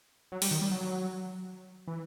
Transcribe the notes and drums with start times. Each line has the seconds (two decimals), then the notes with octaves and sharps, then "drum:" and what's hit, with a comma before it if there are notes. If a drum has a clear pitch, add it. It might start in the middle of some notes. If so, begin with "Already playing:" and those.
0.32 F#3
0.42 G3, drum: open hi-hat
0.51 D#3
0.62 G3
0.71 F#3
1.88 E3